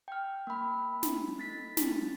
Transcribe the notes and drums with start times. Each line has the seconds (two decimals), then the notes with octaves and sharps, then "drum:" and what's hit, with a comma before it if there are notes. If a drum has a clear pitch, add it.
0.08 G5 F6
0.47 A#3 B5
1.03 drum: snare
1.38 A3 A6 B6
1.77 drum: snare